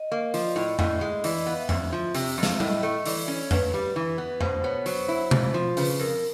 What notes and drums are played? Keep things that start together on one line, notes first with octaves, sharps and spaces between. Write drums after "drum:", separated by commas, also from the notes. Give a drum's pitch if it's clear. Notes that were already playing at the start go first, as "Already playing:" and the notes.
Already playing: D#5
A#3
F3 D#5, drum: open hi-hat
D5
A2 D#5
D5
A2 D#5, drum: tom F2
G#3
E3 D5, drum: open hi-hat
D#5
B3 F5
E5
F2, drum: tom F2
F3
C3, drum: open hi-hat
F2
F5, drum: snare
E5
A2 D#5, drum: tom G3
A3
E3 D5, drum: open hi-hat
C#4 C#5
G2 B4, drum: tom F2
G3
E3
B3
B2 C5, drum: tom F2
B3 C#5
F#3 C5, drum: open hi-hat
E4
F2, drum: tom B2
F3
C#3 B4, drum: open hi-hat
F2 A#4